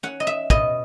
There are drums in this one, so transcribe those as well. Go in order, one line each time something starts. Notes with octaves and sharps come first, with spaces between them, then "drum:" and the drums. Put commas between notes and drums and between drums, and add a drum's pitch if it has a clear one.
C#4 F#5
D#5
E5
B2 D#5, drum: kick